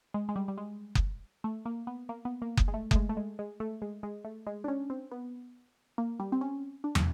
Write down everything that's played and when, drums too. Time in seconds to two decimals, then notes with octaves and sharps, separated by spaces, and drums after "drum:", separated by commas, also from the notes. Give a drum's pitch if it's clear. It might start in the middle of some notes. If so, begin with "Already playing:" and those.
0.14 G#3
0.29 G#3
0.36 G3
0.48 G3
0.58 G#3
0.95 drum: kick F#1
1.44 A3
1.65 A#3
1.87 B3
2.09 A#3
2.25 B3
2.42 A#3
2.58 drum: kick F#1
2.68 G#3
2.74 A3
2.91 A3, drum: kick F#1
2.96 G#3
3.09 A3
3.17 G#3
3.39 G#3
3.60 A3
3.82 G#3
4.03 G#3
4.25 A3
4.47 G#3
4.64 D4
4.68 C#4
4.90 C4
5.11 B3
5.98 A#3
6.20 G3
6.32 C4
6.41 C#4
6.84 D4
6.95 drum: tom